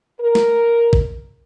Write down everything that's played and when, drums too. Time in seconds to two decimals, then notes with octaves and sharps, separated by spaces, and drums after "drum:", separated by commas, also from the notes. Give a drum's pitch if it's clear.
0.21 A#4
0.35 drum: snare
0.93 drum: kick